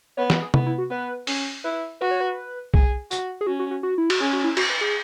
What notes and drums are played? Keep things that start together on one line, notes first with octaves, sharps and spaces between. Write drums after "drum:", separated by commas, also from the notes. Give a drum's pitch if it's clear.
B3 C#5
B4, drum: snare
G#4
B3 E4, drum: tom C3
E4
F#4
B3 B4
C#4, drum: open hi-hat
E4 B4
F#4 B4
C#5
B4
G#4, drum: kick
F#4, drum: tambourine
G#4
C#4 F#4
F#4
F#4
F#4
E4
F#4, drum: cymbal
C#4 G#4
F#4
E4
F#4, drum: cymbal
B4
G#4